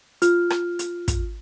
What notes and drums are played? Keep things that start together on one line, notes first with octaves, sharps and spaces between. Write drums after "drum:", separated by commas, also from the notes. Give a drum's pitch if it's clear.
F4 F6, drum: hi-hat
drum: rim click
drum: hi-hat
drum: kick, hi-hat